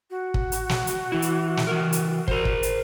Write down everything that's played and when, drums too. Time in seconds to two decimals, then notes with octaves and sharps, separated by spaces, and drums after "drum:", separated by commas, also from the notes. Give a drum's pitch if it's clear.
0.10 F#4
0.34 drum: kick
0.52 drum: hi-hat
0.69 drum: snare
0.87 drum: hi-hat
1.12 E3 E4
1.22 drum: hi-hat
1.57 drum: snare
1.67 E3 A#4
1.92 drum: hi-hat
2.28 A#4 C5, drum: kick
2.45 drum: kick
2.63 drum: hi-hat